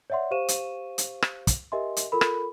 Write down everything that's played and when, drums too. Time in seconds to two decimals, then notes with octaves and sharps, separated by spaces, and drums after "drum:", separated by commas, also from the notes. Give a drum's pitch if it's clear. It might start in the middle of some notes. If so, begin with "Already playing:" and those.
0.10 C#5 D5 E5 F#5 C6
0.31 G4 C5 F5 C#6 D#7 E7
0.48 drum: hi-hat
0.98 drum: hi-hat
1.22 drum: rim click
1.47 drum: kick, hi-hat
1.72 G4 A#4 D#5 E5 G#5 C6
1.97 drum: hi-hat
2.12 F4 A4 A#4 B5
2.21 drum: rim click